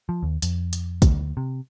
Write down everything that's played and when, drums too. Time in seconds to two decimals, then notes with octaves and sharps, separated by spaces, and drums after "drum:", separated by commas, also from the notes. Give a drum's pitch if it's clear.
0.09 F3
0.23 D#2
0.42 F2, drum: hi-hat
0.73 drum: hi-hat
1.02 D2, drum: kick, hi-hat
1.37 C3